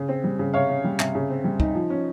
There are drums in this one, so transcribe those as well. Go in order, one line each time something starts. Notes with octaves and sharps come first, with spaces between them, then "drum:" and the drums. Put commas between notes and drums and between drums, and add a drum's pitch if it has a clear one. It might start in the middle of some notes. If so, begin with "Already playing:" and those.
Already playing: C#3
C4
G3
C#3
C3 C#5 F5
C#4
G3
C3, drum: clap
C#3
C4
G3
D#4, drum: kick D2
F3
C#4